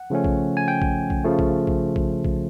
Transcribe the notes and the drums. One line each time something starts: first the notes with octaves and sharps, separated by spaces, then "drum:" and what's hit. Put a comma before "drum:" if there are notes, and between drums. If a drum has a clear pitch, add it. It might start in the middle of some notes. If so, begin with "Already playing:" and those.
Already playing: F#5
C#3 F3 A3 C#4
drum: kick A#1
G#5
G5
drum: kick A#1
drum: kick A#1
C#3 F3 A3
drum: kick A#1
drum: kick A#1
drum: kick A#1
drum: kick A#1